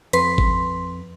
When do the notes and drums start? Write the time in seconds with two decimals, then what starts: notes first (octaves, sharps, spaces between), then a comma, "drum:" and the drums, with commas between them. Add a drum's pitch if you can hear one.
0.13 F2 B4 C6, drum: cymbal
0.38 drum: kick G#1